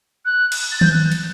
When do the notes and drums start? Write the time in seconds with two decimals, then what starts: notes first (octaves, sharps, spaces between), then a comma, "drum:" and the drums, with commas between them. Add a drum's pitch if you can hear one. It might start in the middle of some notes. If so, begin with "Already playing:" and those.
0.25 F#6
0.52 drum: cymbal
0.71 A6
0.81 G6, drum: tom D#3
0.92 F#6
1.12 drum: cymbal